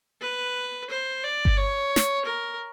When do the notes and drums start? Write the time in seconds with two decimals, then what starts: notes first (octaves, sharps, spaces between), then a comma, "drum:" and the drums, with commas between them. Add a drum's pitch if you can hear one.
0.22 B4
0.90 C5
1.23 D5
1.45 drum: kick G1
1.57 C#5
1.96 drum: snare
2.25 A#4